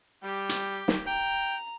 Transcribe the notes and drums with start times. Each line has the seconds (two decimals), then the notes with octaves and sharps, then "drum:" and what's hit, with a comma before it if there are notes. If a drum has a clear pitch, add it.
0.23 G3 G4
0.49 drum: hi-hat
0.88 drum: snare
1.07 G5 A#5